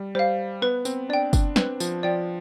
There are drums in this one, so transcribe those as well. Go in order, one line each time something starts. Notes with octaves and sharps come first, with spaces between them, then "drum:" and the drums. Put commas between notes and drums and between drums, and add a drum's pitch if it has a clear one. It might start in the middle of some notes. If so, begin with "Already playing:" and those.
Already playing: G3
G3 C5 F5
B3 B4
C4, drum: tambourine
D4 D5 G5
D4, drum: kick F#1, tambourine
C4 B4, drum: snare
F3, drum: tambourine
F3 D5 G5